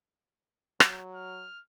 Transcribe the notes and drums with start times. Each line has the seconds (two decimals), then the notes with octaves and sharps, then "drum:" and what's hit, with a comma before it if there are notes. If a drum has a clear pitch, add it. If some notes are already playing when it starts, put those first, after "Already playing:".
0.80 F#3, drum: rim click
1.15 F6